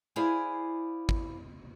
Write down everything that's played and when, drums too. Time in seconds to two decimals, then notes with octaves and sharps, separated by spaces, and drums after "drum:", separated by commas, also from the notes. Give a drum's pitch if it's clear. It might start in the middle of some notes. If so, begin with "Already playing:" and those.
0.16 E4 G#4 C5 D5 F5 G#5
1.09 drum: kick